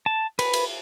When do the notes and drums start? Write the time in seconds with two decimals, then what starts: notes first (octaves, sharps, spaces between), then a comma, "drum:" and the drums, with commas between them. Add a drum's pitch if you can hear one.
0.06 A5
0.39 B4, drum: cymbal
0.53 drum: cymbal